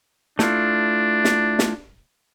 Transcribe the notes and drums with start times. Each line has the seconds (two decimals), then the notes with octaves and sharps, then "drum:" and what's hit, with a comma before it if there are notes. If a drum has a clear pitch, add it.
0.39 A3 D4 E4 F4, drum: snare
1.25 drum: snare
1.59 drum: snare